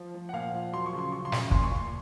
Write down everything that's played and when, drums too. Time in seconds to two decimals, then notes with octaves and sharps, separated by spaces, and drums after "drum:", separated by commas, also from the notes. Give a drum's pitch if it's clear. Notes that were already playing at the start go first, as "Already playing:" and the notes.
Already playing: F3
0.15 F3
0.29 F#5
0.33 A#2 F5
0.53 F3
0.73 F#3 C6
0.86 C#6
0.93 C#3
0.99 C6
1.12 C#3 C#6
1.25 C6
1.32 C#3, drum: snare
1.51 A#2 C6, drum: kick
1.64 C#6
1.71 A#2 C6